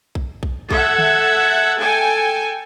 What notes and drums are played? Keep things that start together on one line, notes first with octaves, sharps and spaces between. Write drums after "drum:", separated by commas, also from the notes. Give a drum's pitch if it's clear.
drum: kick B1
drum: kick B1
A4 E5 F#5 G#6, drum: kick B1
drum: tom
A4 G5 G#5